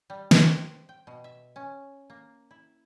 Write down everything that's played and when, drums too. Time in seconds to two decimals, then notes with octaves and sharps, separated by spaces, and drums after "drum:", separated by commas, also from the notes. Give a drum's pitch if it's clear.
0.10 G3
0.31 C4, drum: snare
0.89 G5
1.07 B2
1.24 E5
1.56 C#4
2.10 A#3
2.51 E4